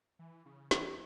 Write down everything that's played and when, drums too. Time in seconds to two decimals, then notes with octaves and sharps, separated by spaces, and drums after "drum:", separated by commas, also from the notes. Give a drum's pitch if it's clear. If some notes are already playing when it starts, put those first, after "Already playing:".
0.19 E3
0.46 C#3
0.71 E3, drum: snare